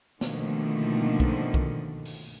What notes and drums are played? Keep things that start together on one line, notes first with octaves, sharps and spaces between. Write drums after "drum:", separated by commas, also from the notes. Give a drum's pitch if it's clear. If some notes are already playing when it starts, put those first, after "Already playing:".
B2 D3 D#3 F3 A3 A#3, drum: snare
drum: kick B1
drum: kick B1
drum: open hi-hat